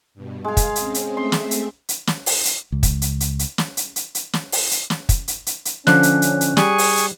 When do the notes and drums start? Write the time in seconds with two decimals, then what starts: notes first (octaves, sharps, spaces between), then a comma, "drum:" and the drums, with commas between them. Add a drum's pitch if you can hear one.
0.14 G2 B2
0.44 G#3 G#4 F5
0.57 drum: kick, hi-hat
0.76 C4 C#4, drum: hi-hat
0.94 drum: hi-hat
1.17 A3 C4 E5 C6
1.32 drum: snare
1.51 drum: hi-hat
1.89 drum: hi-hat
2.07 drum: snare
2.26 drum: open hi-hat
2.45 drum: hi-hat
2.72 C#2
2.83 drum: kick, hi-hat
3.02 drum: hi-hat
3.20 drum: hi-hat
3.39 drum: hi-hat
3.58 drum: snare
3.77 drum: hi-hat
3.96 drum: hi-hat
4.15 drum: hi-hat
4.33 drum: snare
4.52 drum: open hi-hat
4.71 drum: hi-hat
4.90 drum: snare
5.09 drum: kick, hi-hat
5.28 drum: hi-hat
5.46 drum: hi-hat
5.65 drum: hi-hat
5.87 D3 F3 C#4 D4 F#6, drum: snare
6.03 drum: hi-hat
6.22 drum: hi-hat
6.41 drum: hi-hat
6.57 G3 G#4 G#5 C#6, drum: snare
6.78 drum: open hi-hat
6.97 drum: hi-hat